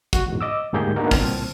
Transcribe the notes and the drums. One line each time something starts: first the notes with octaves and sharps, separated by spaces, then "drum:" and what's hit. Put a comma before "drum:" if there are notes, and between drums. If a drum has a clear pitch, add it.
F#4, drum: kick, hi-hat
E2 G#2 B2
D#5 D6 E6
D2 G#2 A#3 G4 G#4 G6
A#3 B3 D4 D#4 F#4 A#4
C2 A#2 C4 A5 F6, drum: kick, open hi-hat